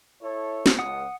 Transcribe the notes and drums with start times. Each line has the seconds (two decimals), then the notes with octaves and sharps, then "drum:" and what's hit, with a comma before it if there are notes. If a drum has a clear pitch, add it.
0.22 E4 A4 C#5
0.66 drum: snare
0.79 C#2 F#5 D#6